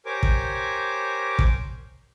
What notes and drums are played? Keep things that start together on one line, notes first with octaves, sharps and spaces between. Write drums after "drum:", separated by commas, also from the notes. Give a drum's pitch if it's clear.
G4 A#4 C5 C#5 G#5 D6
drum: kick
drum: kick